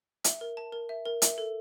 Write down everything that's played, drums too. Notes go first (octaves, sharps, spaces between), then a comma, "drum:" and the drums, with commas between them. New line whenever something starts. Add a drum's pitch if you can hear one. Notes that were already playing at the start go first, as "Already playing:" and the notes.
E5, drum: hi-hat
A#4
A5
A#4
E5
A#4
E5, drum: hi-hat
A4